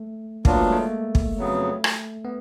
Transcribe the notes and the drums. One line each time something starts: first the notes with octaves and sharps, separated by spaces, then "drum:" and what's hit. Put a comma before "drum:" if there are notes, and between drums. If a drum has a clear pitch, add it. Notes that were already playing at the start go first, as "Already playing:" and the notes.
Already playing: A3
A#2 F#3 A#3 B3 D4 F4, drum: kick
A3
G#3
A3
drum: kick
F2 C#3 F#3 B3
drum: rim click
B3